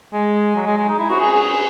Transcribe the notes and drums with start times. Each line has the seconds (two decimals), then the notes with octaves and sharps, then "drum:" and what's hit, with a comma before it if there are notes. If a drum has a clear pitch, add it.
0.13 G#3
0.56 F#3
0.66 G#3
0.78 G#3
0.88 D#4
0.99 E4
1.09 F#4, drum: cymbal
1.20 G#4
1.32 G#4
1.42 G#4